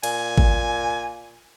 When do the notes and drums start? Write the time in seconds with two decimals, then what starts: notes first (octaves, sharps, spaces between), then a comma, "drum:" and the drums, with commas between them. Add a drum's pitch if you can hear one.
0.03 A#2 G#5, drum: cymbal
0.38 drum: kick G#1